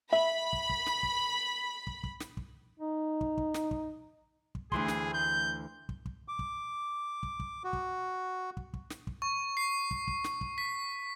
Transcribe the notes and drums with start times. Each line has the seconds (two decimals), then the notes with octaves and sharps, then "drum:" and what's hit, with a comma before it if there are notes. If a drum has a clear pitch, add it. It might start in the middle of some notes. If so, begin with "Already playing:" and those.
0.13 E5 B5
0.53 drum: kick
0.70 drum: kick
0.86 drum: snare
1.03 drum: kick
1.87 drum: kick
2.04 drum: kick
2.20 drum: snare
2.37 drum: kick
2.80 D#4
3.21 drum: kick
3.38 drum: kick
3.54 drum: snare
3.71 drum: kick
4.55 drum: kick
4.72 D2 E3 G#4 C6, drum: kick
4.88 drum: snare
5.14 G6
5.89 drum: kick
6.06 drum: kick
6.28 D6
6.39 drum: kick
7.23 drum: kick
7.40 drum: kick
7.64 F#4
7.73 drum: kick
8.57 drum: kick
8.74 drum: kick
8.90 drum: snare
9.07 drum: kick
9.22 C#6
9.57 C7
9.91 drum: kick
10.08 drum: kick
10.24 drum: snare
10.41 drum: kick
10.58 B6